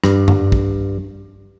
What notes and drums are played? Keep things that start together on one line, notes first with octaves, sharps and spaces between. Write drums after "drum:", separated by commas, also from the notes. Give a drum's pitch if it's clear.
G2, drum: rim click
drum: tom F#2
drum: kick